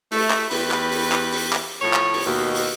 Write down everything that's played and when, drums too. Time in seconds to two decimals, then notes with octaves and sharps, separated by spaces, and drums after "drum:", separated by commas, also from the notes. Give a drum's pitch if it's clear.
0.11 A3, drum: open hi-hat
0.30 drum: clap
0.51 E2 G4 B4, drum: open hi-hat
0.71 drum: clap
0.91 drum: open hi-hat
1.12 drum: clap
1.32 drum: open hi-hat
1.53 drum: clap
1.81 A2 F3 C#5
1.93 drum: clap
2.14 drum: open hi-hat
2.25 D#2 B2
2.55 drum: open hi-hat